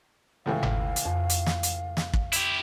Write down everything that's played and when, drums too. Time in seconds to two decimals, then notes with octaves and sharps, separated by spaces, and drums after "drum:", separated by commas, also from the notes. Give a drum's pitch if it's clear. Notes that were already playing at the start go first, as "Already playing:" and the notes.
0.46 C#2 A2 E3 F5
0.63 drum: tom G1
0.96 drum: hi-hat
1.05 F2
1.30 drum: hi-hat
1.46 drum: snare
1.63 drum: hi-hat
1.97 drum: snare
2.13 drum: kick
2.33 E4 G4, drum: hi-hat